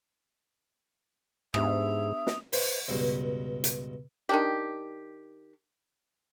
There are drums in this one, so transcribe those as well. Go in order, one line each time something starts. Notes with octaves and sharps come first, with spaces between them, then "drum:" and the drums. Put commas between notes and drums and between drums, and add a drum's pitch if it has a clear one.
G#2 B3 D4 G4 E5 D#6, drum: rim click
drum: snare
B4 C5, drum: open hi-hat
C#2 G2 B2
drum: hi-hat
D#3 D4 G4